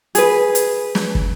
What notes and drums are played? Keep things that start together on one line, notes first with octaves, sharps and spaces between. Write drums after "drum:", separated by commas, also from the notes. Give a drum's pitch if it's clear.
G#4 B4, drum: hi-hat
drum: hi-hat
drum: snare
drum: kick